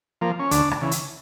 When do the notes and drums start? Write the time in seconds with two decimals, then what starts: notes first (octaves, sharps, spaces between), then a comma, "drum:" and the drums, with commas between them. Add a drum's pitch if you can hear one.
0.21 F3 A#3
0.39 C#4
0.51 D2 D4, drum: hi-hat
0.71 drum: rim click
0.81 C#3 E3
0.91 drum: hi-hat